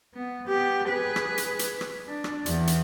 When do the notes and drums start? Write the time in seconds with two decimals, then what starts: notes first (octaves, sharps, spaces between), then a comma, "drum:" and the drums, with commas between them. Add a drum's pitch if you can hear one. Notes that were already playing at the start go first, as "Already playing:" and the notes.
0.15 B3
0.48 B3 G4
0.89 G#4 B4
1.16 drum: rim click
1.38 drum: hi-hat
1.59 drum: hi-hat
1.81 drum: rim click
2.08 D4
2.24 drum: rim click
2.46 E2, drum: hi-hat
2.67 drum: hi-hat